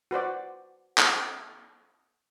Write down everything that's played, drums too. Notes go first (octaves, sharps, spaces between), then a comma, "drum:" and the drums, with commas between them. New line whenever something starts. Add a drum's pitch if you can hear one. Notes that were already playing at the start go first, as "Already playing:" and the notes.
F#4 B4 C5 D5
drum: clap